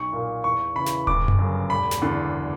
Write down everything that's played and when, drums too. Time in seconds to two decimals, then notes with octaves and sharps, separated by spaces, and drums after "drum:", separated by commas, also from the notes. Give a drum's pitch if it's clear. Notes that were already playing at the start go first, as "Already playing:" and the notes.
Already playing: B1 C#6
0.13 A#2 A#3
0.44 E2 C#6
0.75 C#3 E3 B5
0.86 drum: snare
1.07 G1 D6, drum: kick D#1
1.28 drum: tom F#2
1.39 F#2 C#3
1.70 E1 B5
1.91 drum: snare
2.02 E2 D3